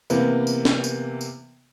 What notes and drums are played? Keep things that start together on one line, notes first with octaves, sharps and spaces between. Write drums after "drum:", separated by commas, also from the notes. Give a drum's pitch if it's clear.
C3 E3 A#3 B3, drum: tambourine
drum: tambourine
drum: snare
drum: tambourine
drum: tambourine